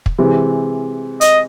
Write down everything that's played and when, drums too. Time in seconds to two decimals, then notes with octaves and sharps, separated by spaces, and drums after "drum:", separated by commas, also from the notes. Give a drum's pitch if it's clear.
0.06 drum: kick
0.18 C3 E3 G#3
1.21 D#5, drum: hi-hat